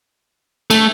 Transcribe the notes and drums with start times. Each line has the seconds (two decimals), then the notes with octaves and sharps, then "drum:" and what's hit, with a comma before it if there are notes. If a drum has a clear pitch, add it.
0.70 A3, drum: cymbal